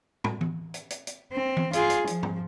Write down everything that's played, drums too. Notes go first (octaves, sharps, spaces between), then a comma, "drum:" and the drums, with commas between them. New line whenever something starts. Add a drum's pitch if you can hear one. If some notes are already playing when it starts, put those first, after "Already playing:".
drum: tom
drum: tom E3
drum: hi-hat
drum: hi-hat
drum: hi-hat
C4
drum: tom E3
F4 G#4, drum: hi-hat
drum: hi-hat
F3, drum: hi-hat
drum: tom G#2